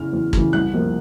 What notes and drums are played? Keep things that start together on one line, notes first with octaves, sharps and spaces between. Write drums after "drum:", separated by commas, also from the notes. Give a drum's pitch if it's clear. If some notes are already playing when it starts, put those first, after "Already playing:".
Already playing: E2 C#3 E3 F6
E2
C#3 E3, drum: kick
C2 F#6
C3 F3 A#3